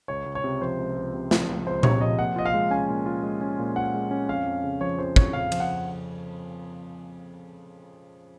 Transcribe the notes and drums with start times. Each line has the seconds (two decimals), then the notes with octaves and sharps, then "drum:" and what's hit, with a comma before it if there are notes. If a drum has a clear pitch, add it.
0.08 C#2 C#5
0.26 C#2
0.35 C#5
0.44 C3
0.61 F3 C5
0.79 C#2
0.96 C#2
1.14 C3
1.31 F3, drum: snare
1.49 C#2
1.66 C#2 C5
1.83 C3 C#5, drum: tom A#2
2.01 F3 D#5
2.18 A#2 F#5
2.36 F4 D#5
2.46 F5
2.54 G#3
2.71 C#4 G#5
2.89 A#2
3.06 F4
3.23 G#3
3.41 C#4
3.59 A#2
3.76 F4 F#5
3.94 G#3
4.11 C#4
4.29 F2 F5
4.46 F2
4.64 C#3
4.81 F3 C#5
4.98 F2 C5
5.16 F2 C#5, drum: kick
5.33 C#3 F5
5.52 F3, drum: cymbal
5.60 F#5